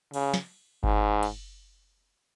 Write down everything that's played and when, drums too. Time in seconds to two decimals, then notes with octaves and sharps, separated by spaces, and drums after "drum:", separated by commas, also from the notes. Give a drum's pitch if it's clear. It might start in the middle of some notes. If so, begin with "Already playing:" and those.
0.14 C#3, drum: cymbal
0.34 drum: snare
0.84 G#2, drum: kick G1
1.23 drum: cymbal